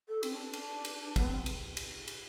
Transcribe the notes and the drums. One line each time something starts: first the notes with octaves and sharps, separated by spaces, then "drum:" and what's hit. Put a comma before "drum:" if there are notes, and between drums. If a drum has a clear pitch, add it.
A4
C4, drum: cymbal
D4
C4
D4, drum: cymbal
drum: cymbal
B3, drum: kick, cymbal
C4
drum: cymbal
drum: cymbal
drum: cymbal